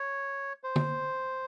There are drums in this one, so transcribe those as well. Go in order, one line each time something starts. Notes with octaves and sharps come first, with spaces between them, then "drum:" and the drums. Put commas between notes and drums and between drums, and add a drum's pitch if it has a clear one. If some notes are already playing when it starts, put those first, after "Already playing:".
Already playing: C#5
C5
drum: tom D3